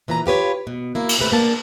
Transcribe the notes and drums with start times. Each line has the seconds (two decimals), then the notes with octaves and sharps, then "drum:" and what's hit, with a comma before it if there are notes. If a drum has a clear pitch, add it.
0.08 A#2 E3 B4 D#5 A#5
0.26 F4 G4 B4 C#5
0.67 B2
0.95 F#2 A#3 E4
1.09 drum: cymbal
1.18 D#2 A2 C3 A3 B4
1.32 A#3 D4 A5